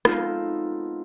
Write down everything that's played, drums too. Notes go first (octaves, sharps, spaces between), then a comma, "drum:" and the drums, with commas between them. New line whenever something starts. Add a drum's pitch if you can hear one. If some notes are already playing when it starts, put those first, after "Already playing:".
G#3 B3 C4 D#4 F4 A4, drum: rim click